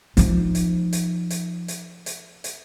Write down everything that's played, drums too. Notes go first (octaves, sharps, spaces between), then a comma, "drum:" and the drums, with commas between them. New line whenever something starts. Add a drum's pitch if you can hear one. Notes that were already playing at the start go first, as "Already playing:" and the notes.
F3 D#4, drum: hi-hat
drum: hi-hat
drum: hi-hat
drum: hi-hat
drum: hi-hat
drum: hi-hat
drum: hi-hat